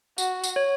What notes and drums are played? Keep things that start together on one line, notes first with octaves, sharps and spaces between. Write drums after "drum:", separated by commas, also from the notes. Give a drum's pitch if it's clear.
F#4, drum: tambourine
drum: tambourine
C#5